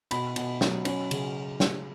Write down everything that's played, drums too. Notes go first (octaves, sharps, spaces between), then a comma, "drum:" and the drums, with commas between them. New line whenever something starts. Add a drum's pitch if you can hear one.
B2 B5, drum: cymbal
B2, drum: cymbal
F#3, drum: snare
C#4, drum: cymbal
C#3, drum: cymbal
drum: snare